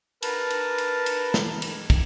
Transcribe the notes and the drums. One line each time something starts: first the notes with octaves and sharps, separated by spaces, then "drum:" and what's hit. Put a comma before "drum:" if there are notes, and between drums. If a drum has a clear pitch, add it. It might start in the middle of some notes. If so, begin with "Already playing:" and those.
A#4 B4 A5 A#5, drum: cymbal
drum: cymbal
drum: cymbal
drum: cymbal
drum: snare
drum: cymbal
drum: kick, cymbal